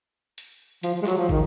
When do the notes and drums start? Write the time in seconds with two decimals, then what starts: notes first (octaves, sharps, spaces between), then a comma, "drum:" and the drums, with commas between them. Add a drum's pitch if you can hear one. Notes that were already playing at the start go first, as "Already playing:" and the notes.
0.38 drum: hi-hat
0.83 F3, drum: hi-hat
0.95 F3
1.02 G#3
1.06 F#3, drum: clap
1.18 F3
1.29 D#3, drum: kick